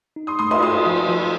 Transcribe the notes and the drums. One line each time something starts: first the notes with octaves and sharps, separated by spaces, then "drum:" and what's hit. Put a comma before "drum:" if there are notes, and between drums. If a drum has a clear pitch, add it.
D#4
C6 D#6
A3 C6 D#6
C6 D#6, drum: cymbal
A3 C6 D#6
F3
F3